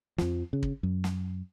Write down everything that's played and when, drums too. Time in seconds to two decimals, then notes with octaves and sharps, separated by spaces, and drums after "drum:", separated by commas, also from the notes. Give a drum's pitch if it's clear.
0.18 F2 F3, drum: snare
0.53 C#3
0.63 drum: kick
0.83 F#2
1.04 drum: snare